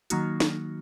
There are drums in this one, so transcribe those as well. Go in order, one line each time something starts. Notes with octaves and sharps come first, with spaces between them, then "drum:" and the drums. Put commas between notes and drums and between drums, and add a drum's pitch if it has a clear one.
D#3 F#3 A#3 D#4 F#4, drum: hi-hat
drum: snare